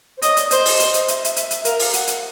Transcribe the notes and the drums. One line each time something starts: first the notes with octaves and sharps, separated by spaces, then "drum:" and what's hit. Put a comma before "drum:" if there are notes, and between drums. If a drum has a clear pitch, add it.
C5
C#5 D#5, drum: hi-hat
D5, drum: hi-hat
C5 D#5, drum: hi-hat
drum: open hi-hat
drum: hi-hat
drum: hi-hat
E5, drum: hi-hat
D#5
E5, drum: hi-hat
drum: hi-hat
drum: hi-hat
A#4 F5, drum: hi-hat
F5, drum: open hi-hat
F#5, drum: hi-hat
drum: hi-hat